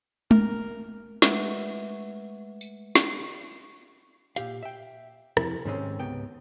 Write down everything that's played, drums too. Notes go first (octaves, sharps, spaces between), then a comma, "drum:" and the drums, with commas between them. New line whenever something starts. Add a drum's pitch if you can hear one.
A#4, drum: tom G#3
G#3 A3 B4 E5 F#5, drum: snare
drum: tambourine
drum: snare
A#2 G4 F5, drum: hi-hat
E5 G5
F2 C3 E4, drum: rim click
G#2 C3 D#3 G#3 C4 C#4
C#2 G#2 C3 B3 G5